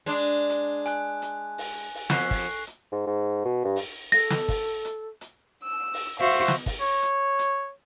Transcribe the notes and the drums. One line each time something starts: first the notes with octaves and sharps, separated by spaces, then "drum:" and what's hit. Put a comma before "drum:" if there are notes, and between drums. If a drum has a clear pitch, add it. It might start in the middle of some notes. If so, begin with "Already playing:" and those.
G#3 D4
drum: hi-hat
G#5 F#6, drum: hi-hat
drum: hi-hat
drum: open hi-hat
drum: open hi-hat
F2 C#6 F#6 C7, drum: snare
drum: kick, open hi-hat
drum: hi-hat
G#2
G#2
B2
G2
drum: open hi-hat
A4 A#6, drum: open hi-hat
drum: snare
drum: kick, open hi-hat
drum: hi-hat
drum: hi-hat
E6
drum: open hi-hat
F#4 C5 E5 F5
drum: open hi-hat
drum: snare
drum: kick, open hi-hat
C#5
drum: hi-hat
drum: hi-hat